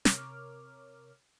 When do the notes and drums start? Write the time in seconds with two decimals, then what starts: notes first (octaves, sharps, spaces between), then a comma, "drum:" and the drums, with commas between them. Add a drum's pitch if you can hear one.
0.05 C3 A#4 C#5 D6 F6, drum: snare